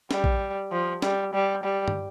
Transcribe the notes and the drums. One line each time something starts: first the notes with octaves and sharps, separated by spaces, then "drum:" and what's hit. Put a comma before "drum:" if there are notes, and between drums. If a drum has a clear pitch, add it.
G3, drum: snare
drum: kick
F3
G3, drum: snare
G3
G3
drum: tom